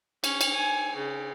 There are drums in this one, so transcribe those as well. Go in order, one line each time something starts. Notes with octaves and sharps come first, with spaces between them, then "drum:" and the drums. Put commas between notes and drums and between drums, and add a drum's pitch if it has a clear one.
C#4, drum: cymbal
drum: cymbal
G#5
C#3